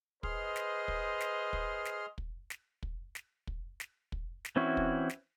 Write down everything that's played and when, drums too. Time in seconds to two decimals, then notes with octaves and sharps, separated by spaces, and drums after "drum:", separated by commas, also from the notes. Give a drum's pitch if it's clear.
0.23 G#4 B4 C5 D#5 C6 F6, drum: kick
0.56 drum: snare
0.88 drum: kick
1.20 drum: snare
1.53 drum: kick
1.85 drum: snare
2.18 drum: kick
2.50 drum: snare
2.83 drum: kick
3.15 drum: snare
3.47 drum: kick
3.80 drum: snare
4.12 drum: kick
4.45 drum: snare
4.56 E3 C4 C#4 E4 F#4
4.77 drum: kick
5.09 drum: snare